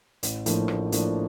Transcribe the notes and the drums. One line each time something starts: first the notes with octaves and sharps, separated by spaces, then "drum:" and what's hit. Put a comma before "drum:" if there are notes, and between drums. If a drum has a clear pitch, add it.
A1, drum: hi-hat
A2 F3 A#3 D4, drum: hi-hat
A1, drum: rim click
A2 F3 A#3 D4, drum: hi-hat